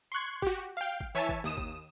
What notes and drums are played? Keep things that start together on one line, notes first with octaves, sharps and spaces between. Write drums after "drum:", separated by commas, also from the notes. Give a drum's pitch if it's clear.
C6 C#6 F#6 G#6
F#4 G4, drum: kick G1
F5 G5
drum: kick G1
E3 C#5 E5 G#5 A5
drum: kick G1
D#2 D#6 E7
drum: kick G1